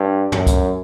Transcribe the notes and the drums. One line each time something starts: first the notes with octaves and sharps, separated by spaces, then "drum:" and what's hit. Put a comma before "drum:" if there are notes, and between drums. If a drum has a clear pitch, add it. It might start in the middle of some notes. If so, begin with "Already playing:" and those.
Already playing: G2
F#2, drum: tom
drum: kick, hi-hat